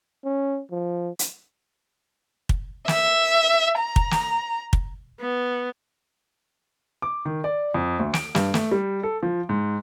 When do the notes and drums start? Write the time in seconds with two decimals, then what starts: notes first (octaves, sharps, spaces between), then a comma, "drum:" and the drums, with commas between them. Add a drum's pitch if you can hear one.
0.25 C#4
0.71 F3
1.19 drum: hi-hat
2.49 drum: kick
2.88 E5, drum: snare
3.79 A#5
3.96 drum: kick
4.11 drum: snare
4.73 drum: kick
5.20 B3
7.02 D6
7.25 D#3
7.44 D5
7.74 F2
7.99 D2
8.14 D7, drum: snare
8.35 G2, drum: snare
8.54 A3, drum: snare
8.71 G3
9.03 A4
9.23 F3
9.49 G#2